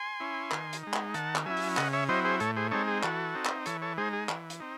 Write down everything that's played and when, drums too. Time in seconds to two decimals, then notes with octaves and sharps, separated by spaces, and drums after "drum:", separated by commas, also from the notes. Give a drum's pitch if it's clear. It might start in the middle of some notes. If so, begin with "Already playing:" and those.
Already playing: G#5 C6
0.20 C#4 E4
0.52 D#3, drum: clap
0.73 drum: hi-hat
0.83 G#3 D#4
0.94 drum: clap
1.14 D#3 F#5 A5, drum: hi-hat
1.36 drum: clap
1.46 F#3 C#4 E4 E5 G#5
1.57 drum: open hi-hat
1.77 C#3 D#5 F#5, drum: clap
1.93 C#5 E5
2.09 F#3 C4 E4 C5 D#5
2.24 G#4 C5
2.40 A2 A4 C#5, drum: hi-hat
2.56 G#4 C5
2.71 G#3 C4 D#4 A4 C#5
2.87 G#4
3.03 E3 F#4 A4, drum: clap
3.35 C4 D#4
3.45 drum: clap
3.66 E3 A4 C#5, drum: hi-hat
3.82 A4 C#5
3.98 G#3 D#4 G#4 C5
4.13 G#4
4.29 E3, drum: clap
4.50 drum: hi-hat
4.60 C4 D#4